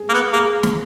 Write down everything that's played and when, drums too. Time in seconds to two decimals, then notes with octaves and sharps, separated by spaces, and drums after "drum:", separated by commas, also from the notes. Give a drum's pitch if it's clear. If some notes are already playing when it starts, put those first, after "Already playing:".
Already playing: G#4
0.09 A#3
0.13 B3
0.33 A#3 G#4
0.63 drum: snare